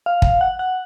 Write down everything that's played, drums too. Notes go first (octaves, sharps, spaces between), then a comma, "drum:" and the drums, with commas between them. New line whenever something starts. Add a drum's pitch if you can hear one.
F5
drum: kick
F#5
F#5